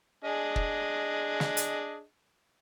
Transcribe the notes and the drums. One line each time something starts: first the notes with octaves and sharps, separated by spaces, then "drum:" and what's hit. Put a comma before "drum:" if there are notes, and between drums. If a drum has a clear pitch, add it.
D4 G#4 D#5
drum: kick
drum: snare
drum: hi-hat